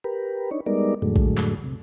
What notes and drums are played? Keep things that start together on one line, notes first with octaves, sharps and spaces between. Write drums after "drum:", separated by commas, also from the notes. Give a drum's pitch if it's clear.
G4 A#4 B4
D4 D#4 C#5
G3 G#3 B3 D#4 A#4 D5
F2 A2 D3 F#3 G#3 A3
drum: kick A#1
drum: clap
C3